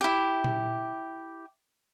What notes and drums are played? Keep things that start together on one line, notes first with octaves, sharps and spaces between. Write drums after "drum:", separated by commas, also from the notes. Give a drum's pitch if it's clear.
E4 G4
drum: tom A#2